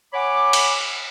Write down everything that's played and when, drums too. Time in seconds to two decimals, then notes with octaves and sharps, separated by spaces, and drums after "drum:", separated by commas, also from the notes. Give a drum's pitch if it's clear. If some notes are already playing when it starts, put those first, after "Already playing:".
0.14 C#5 F#5 G#5 B5 D6
0.53 drum: cymbal